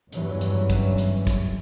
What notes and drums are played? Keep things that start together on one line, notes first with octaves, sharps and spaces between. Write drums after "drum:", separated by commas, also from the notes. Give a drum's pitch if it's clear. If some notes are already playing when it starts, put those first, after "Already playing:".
F#1 E2 G2 E3 F#3 C#4, drum: hi-hat
drum: hi-hat
drum: kick, hi-hat
drum: hi-hat
drum: kick, hi-hat